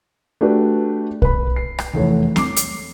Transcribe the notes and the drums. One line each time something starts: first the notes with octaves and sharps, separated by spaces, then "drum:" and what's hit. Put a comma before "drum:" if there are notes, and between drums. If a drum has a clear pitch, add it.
A3 D4 F#4 G4 B4
B4 B5, drum: kick
C7
drum: rim click
F1 E2 A3 C#5
D6 C7, drum: snare
drum: hi-hat